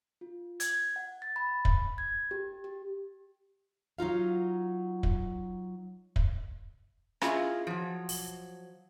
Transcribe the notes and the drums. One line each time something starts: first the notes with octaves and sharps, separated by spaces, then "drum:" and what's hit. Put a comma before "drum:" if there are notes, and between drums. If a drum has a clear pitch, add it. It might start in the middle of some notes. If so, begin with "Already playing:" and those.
F4
G#6, drum: hi-hat
F#5
A6
B5
drum: kick
G#6
G4
G4
F#3 D#4 F4 F5
drum: kick
drum: kick
C#4 E4 F4 G#4 D#5, drum: rim click
F3 F#3
drum: open hi-hat